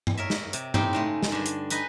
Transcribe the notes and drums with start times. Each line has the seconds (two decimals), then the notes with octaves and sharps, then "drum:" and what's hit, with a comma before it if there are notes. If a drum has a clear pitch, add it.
0.07 drum: tom G2
0.17 A#4 C#5 D#5 E5
0.30 drum: snare
0.53 C3, drum: hi-hat
0.74 A2 C4 D#4 G4, drum: tom G2
0.93 C#3 G#3 A3
1.23 drum: snare
1.32 G2 D3
1.46 drum: hi-hat
1.70 D#4 B4 D#5 G#5, drum: hi-hat